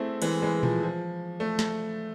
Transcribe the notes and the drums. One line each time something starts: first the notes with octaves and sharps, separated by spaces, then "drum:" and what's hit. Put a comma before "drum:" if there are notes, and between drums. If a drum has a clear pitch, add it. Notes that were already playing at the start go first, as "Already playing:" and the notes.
Already playing: A3 C4 E4 G#4
E3 G#3, drum: cymbal
E3 G#3
F3, drum: tom A#2
F3
A3
drum: snare